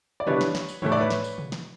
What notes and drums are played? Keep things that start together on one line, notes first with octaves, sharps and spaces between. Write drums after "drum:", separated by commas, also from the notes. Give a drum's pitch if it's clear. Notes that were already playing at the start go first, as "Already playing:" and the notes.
D5
E3 G3 B3 D4 B4 C#5, drum: tom
drum: snare
drum: snare
drum: tambourine
A2 E3 A3 C#5, drum: tom
D5
B4 C#5
drum: snare
drum: tambourine
drum: tom
drum: snare